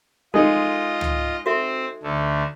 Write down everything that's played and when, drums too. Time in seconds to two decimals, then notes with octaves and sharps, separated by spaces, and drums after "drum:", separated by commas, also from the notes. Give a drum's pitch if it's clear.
0.34 G#3 D#4 F4 A4 D#5
1.01 drum: tom
1.46 C4 F#4 A4 C5 E5
2.03 D2 D3 A3